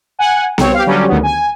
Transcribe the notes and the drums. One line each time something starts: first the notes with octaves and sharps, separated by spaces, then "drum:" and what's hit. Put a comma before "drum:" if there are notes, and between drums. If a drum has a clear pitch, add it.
F#5 G#5
C2 C4 C#5, drum: snare B3
G4 F5
D3 F#3 G3 C#4 G4
D2 D#3 B3
G#5